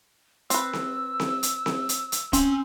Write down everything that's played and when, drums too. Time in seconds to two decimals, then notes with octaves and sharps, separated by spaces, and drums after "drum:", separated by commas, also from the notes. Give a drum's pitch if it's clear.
0.50 C4 B4 E6, drum: hi-hat
0.73 drum: snare C4
1.20 drum: snare C4
1.43 drum: hi-hat
1.66 drum: snare C4
1.89 drum: hi-hat
2.12 drum: hi-hat
2.33 C4 C#4, drum: kick, hi-hat